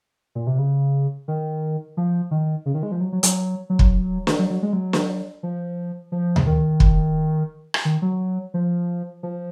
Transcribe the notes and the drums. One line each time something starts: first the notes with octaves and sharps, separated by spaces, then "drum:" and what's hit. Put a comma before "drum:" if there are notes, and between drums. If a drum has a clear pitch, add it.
A#2
C3
C#3
D#3
F3
D#3
C#3
D#3
G#3
F3
F#3
F#3
F#3, drum: hi-hat
F#3
drum: kick
drum: snare
F#3
F#3
G#3
F#3
drum: snare
F3
F3
drum: tom D2
D#3
drum: kick
drum: rim click
D#3
F#3
F3
F3